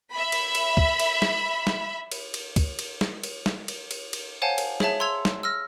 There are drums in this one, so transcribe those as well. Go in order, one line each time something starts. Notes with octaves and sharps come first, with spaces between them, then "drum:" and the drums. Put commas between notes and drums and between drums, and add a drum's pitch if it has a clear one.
E5 B5
drum: cymbal
drum: cymbal
drum: kick
drum: cymbal
drum: snare
drum: snare
drum: cymbal
drum: cymbal
drum: kick, cymbal
drum: cymbal
drum: snare
drum: cymbal
drum: snare
drum: cymbal
drum: cymbal
drum: cymbal
C5 C#5 F5 F#5 G#5 A5
drum: cymbal
G#4 C#5 E5 A5, drum: snare
A#5 C6 E6 G#6 F7
drum: snare
E6 F6 A#6